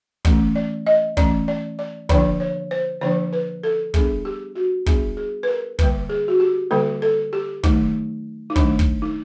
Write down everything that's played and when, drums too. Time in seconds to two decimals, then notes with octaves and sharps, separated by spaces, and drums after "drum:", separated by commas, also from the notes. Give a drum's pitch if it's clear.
0.25 E3 A3 C#4, drum: kick
0.55 D5
0.87 D#5
1.17 E3 A3 C#4 D5, drum: kick
1.48 D5
1.79 D5
2.09 D3 F3 A#3 D4 D5, drum: kick
2.40 C#5
2.71 C5
3.01 D3 F3 A#3 D4 C5
3.33 B4
3.64 A4
3.94 G3 B3 D4 G#4, drum: kick
4.25 G4
4.55 F#4
4.86 G3 B3 D4 G#4, drum: kick
5.17 G#4
5.43 B4
5.48 A#4
5.79 D3 G3 A#3 B4, drum: kick
6.09 G#4
6.28 F#4
6.40 G4
6.71 D3 G3 A#3 A4
7.02 A4
7.33 G4
7.63 D#3 F#3 A3 D#4, drum: kick
8.50 D#4
8.56 D#3 F#3 A3 D4, drum: kick
8.79 drum: kick
9.02 D#4